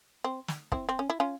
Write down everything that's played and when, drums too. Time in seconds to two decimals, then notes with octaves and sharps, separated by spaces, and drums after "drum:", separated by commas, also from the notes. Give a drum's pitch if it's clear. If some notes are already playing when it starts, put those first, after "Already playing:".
0.24 C4
0.48 drum: snare
0.72 C4 E4, drum: kick
0.89 C4
0.99 C#4
1.10 E4
1.20 C#4 F4